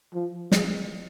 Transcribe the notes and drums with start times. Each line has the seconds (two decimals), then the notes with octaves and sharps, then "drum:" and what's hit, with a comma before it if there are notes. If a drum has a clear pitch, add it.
0.14 F3
0.52 G#3, drum: snare